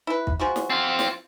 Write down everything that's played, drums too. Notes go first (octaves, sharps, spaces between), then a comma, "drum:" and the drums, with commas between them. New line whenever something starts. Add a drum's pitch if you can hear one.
E4 B4
drum: kick
F3 G#3 F#4
drum: snare
C4 F4
drum: snare